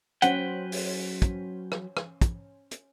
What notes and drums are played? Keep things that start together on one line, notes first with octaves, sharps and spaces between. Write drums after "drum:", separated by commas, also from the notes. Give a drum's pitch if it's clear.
F#3 C#4 B4 C5 F#5 G5, drum: hi-hat
drum: open hi-hat
drum: kick, hi-hat
drum: rim click
drum: rim click
drum: kick, hi-hat
drum: hi-hat